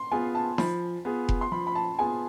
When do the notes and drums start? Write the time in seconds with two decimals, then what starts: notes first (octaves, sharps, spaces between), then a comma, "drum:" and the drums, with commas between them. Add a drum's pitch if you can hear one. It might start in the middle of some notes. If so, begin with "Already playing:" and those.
Already playing: C6
0.11 B3 F4 G#4 G#5
0.35 A5
0.58 F3 B5, drum: snare D#4
1.05 B3 F4 G#4
1.29 drum: kick F1
1.41 C6
1.52 F3 B5
1.67 B5
1.75 A5
1.99 B3 F4 G#4 G#5